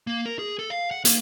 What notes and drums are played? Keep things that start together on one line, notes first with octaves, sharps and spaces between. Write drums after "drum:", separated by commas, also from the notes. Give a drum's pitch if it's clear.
A#3
A#4
G#4
A4
F5
F#5
A#3, drum: hi-hat